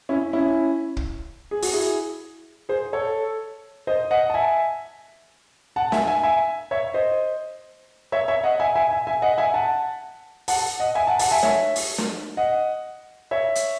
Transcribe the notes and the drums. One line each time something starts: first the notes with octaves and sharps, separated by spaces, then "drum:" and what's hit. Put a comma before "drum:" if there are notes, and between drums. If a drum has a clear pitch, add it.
C#4 E4
C#4 E4
drum: kick
G#4
F#4, drum: open hi-hat
E4 G#4
G#4 C5
A4 C#5
C5 D#5
D#5 F#5
A5
E5 G#5
F#5 A5
E5 G#5, drum: snare
E5 G#5
E5 G#5
C#5 E5
C5 D#5
C#5 E5
C#5 E5
D#5 F#5
E5 G#5
E5 G#5
E5 G#5
E5 G#5
D#5 F#5
E5 G#5
F#5 A5
F#5 A5, drum: open hi-hat
D#5 F#5
E5 G#5
F#5 A5
F#5 A5, drum: open hi-hat
E5 G#5
C#5 E5, drum: snare
drum: open hi-hat
drum: snare
D#5 F#5
C#5 E5
drum: hi-hat